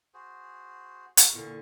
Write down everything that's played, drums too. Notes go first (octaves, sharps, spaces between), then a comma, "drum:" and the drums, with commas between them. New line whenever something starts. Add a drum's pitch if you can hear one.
F#4 G#4 C5
G#4 F5 C#6, drum: hi-hat
E2 A#2 D3